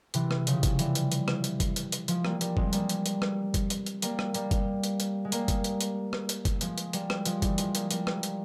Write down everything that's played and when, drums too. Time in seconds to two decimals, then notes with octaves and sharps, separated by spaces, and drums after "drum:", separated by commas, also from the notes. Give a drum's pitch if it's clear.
0.14 C3 E3, drum: hi-hat
0.31 drum: rim click
0.47 C#3 F3, drum: hi-hat
0.63 drum: kick F#1, hi-hat
0.79 E3 G3, drum: hi-hat
0.95 drum: hi-hat
1.12 drum: hi-hat
1.28 drum: rim click
1.44 drum: hi-hat
1.60 drum: kick F#1, hi-hat
1.76 drum: hi-hat
1.92 drum: hi-hat
2.08 F3 G#3, drum: hi-hat
2.25 G3 A#3, drum: rim click
2.41 G3 A#3, drum: hi-hat
2.57 G#3 C4, drum: kick F#1
2.73 G3 A#3, drum: hi-hat
2.89 drum: hi-hat
3.06 drum: hi-hat
3.22 drum: rim click
3.54 drum: kick F#1, hi-hat
3.70 drum: hi-hat
3.86 drum: hi-hat
4.02 G3 A#3, drum: hi-hat
4.19 drum: rim click
4.34 G3 A#3, drum: hi-hat
4.51 drum: kick F#1, hi-hat
4.83 drum: hi-hat
5.00 drum: hi-hat
5.25 G#3
5.32 G3 A#3, drum: hi-hat
5.48 drum: kick F#1, hi-hat
5.64 drum: hi-hat
5.81 drum: hi-hat
6.13 drum: rim click
6.29 drum: hi-hat
6.45 drum: kick F#1, hi-hat
6.61 F3 G#3, drum: hi-hat
6.78 drum: hi-hat
6.93 G3 A#3, drum: hi-hat
7.10 drum: rim click
7.25 F3 G#3, drum: hi-hat
7.42 E3 G3, drum: kick F#1, hi-hat
7.58 F3 G#3, drum: hi-hat
7.75 G3 A#3, drum: hi-hat
7.91 G3 A#3, drum: hi-hat
8.07 drum: rim click
8.23 drum: hi-hat